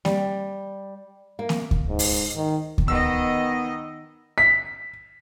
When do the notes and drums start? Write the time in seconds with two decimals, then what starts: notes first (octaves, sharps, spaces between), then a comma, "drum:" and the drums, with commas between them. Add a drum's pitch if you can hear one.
0.05 G3, drum: snare A#3
1.39 A#3
1.49 drum: snare A#3
1.71 drum: kick D2
1.89 G#2
1.99 drum: open hi-hat
2.36 D#3
2.78 drum: kick D2
2.88 D#3 B3 D#5 E6
4.38 B6